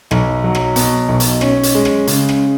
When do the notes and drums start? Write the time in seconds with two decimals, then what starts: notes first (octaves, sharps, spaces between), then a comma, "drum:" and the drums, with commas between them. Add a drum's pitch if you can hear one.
0.11 B1, drum: rim click
0.44 F#3
0.55 drum: rim click
0.76 B2, drum: hi-hat
1.08 B1
1.20 drum: hi-hat
1.41 C#4, drum: rim click
1.63 drum: hi-hat
1.75 G#3
1.85 drum: rim click
2.07 C#3, drum: hi-hat
2.29 drum: rim click